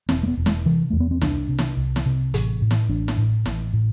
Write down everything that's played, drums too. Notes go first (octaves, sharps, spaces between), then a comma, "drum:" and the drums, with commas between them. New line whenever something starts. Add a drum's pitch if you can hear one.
E1 C4, drum: snare
A3
B3
E1
G#3, drum: snare
C3 E3
E2 A3
B3
C4
C2 D4, drum: snare
C3
drum: snare
C2
drum: snare
C3
A1, drum: hi-hat
A2
drum: snare
A1 D4
drum: snare
A2
A1, drum: snare
A2